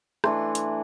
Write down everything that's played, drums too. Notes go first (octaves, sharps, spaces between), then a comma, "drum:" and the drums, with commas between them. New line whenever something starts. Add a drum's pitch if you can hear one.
E3 A3 D4 C6, drum: rim click
drum: hi-hat